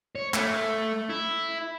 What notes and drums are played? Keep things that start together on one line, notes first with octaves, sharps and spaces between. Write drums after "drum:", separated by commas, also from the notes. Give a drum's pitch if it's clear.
C#5
A3, drum: clap
E4